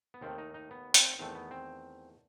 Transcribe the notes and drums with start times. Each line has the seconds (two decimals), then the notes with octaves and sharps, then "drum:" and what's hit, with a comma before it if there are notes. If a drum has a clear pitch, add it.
0.14 B3
0.21 D#2 D#3 A3 C4
0.38 D#4
0.54 D#4
0.71 B3
0.94 C4, drum: hi-hat
1.19 E2 D#3 A3 C4
1.35 B3
1.51 C4